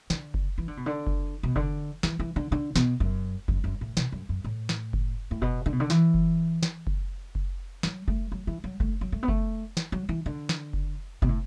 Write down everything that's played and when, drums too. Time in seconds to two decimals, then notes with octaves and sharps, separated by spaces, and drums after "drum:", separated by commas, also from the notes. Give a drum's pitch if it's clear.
0.10 D3, drum: snare
0.34 drum: kick F#1
0.58 E3
0.68 D3
0.77 B2
0.86 D3
1.07 drum: kick F#1
1.43 B2
1.56 D3, drum: kick F#1
2.03 E3, drum: snare
2.19 E3
2.36 D3
2.52 D3
2.76 B2, drum: snare
3.00 F#2, drum: kick F#1
3.48 F#2, drum: kick F#1
3.64 F#2
3.81 A2
3.97 B2, drum: snare
4.12 F#2
4.29 F#2
4.44 A2
4.69 drum: snare
4.93 drum: kick F#1
5.31 A2
5.42 B2, drum: kick F#1
5.66 D3
5.73 B2
5.80 D3
5.90 E3, drum: snare
6.14 drum: kick F#1
6.63 drum: snare
6.87 drum: kick F#1
7.35 drum: kick F#1
7.83 F#3, drum: snare
8.08 A3, drum: kick F#1
8.32 F#3
8.47 E3
8.64 F#3
8.80 A3, drum: kick F#1
9.01 F#3
9.12 A3
9.23 B3
9.28 A3, drum: kick F#1
9.77 drum: snare
9.92 F#3
10.09 E3
10.26 D3
10.49 drum: snare
10.73 drum: kick F#1
11.22 B2, drum: kick F#1
11.29 A2